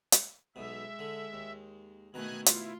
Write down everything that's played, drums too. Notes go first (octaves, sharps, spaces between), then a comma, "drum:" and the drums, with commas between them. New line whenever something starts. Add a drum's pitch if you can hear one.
drum: hi-hat
B1 B2 G#3 E5
D3
D#2
B2 D#3 A3 D#4 G#5 A#5 F#6
E4 F4, drum: hi-hat